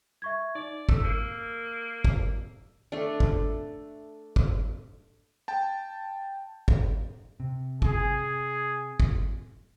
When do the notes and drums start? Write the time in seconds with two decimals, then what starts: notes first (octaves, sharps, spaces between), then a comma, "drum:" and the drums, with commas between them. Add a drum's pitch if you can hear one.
0.22 E5 C#6 G#6
0.55 D#4 D5
0.89 A3 E6, drum: kick
1.04 A#3
2.04 drum: kick
2.92 A3 D4
3.20 drum: kick
4.36 drum: kick
5.48 G5 A5
6.68 drum: kick
7.40 C3
7.82 G#4, drum: kick
9.00 drum: kick